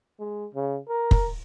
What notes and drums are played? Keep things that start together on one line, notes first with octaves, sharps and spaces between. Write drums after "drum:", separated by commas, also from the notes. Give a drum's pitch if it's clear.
G#3
C#3
A#4
drum: kick